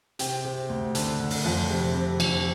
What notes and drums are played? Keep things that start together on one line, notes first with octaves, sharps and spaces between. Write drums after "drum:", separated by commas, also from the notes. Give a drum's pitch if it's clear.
C3 G5, drum: hi-hat
C3
D2
D3, drum: hi-hat
D3
drum: open hi-hat
F2
C3
C3
F2, drum: cymbal